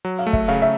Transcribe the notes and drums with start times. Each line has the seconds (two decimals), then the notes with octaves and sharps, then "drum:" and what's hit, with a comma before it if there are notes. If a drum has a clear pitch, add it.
0.05 F#3
0.19 F5
0.27 A3
0.33 E5, drum: kick
0.48 C#3 F5
0.62 E5